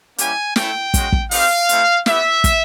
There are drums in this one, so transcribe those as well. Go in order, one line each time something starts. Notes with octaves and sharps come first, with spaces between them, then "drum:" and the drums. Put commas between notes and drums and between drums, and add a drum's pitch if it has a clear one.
G3 A#3 C#4 E4 G4 G#5, drum: hi-hat
A3 C#4 E4 G5, drum: snare
G#3 C#4 F#4, drum: kick, hi-hat
drum: kick
C4 D#4 G4 F5, drum: open hi-hat
A3 C4 E4, drum: hi-hat
B3 E4 G4 E5, drum: snare
drum: kick, hi-hat